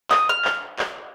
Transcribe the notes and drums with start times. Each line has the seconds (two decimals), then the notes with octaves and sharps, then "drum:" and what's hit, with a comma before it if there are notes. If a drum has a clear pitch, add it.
0.11 D#6, drum: clap
0.29 F6
0.45 drum: clap
0.79 drum: clap